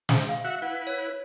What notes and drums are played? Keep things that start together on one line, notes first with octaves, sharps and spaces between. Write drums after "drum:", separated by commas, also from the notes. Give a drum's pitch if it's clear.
drum: snare
F5
F#4 E5 F#5
E4 B4 F#5
C#5